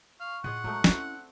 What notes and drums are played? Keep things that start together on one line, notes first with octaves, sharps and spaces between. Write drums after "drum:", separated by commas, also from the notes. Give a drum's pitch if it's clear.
F5 C#6
A2 F4 G#4 D#5 F#5
F#3 G#3 A3 D#4
C4 C#4 E4 D5, drum: snare